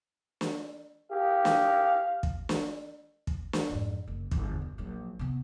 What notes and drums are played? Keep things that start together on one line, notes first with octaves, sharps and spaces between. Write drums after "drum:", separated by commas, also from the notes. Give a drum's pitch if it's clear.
drum: snare
G4 F5
drum: snare
drum: kick
drum: snare
drum: kick
drum: snare
F2 G#2
F#1
G1 E2, drum: kick
B2
A#1 F#3
C3 B3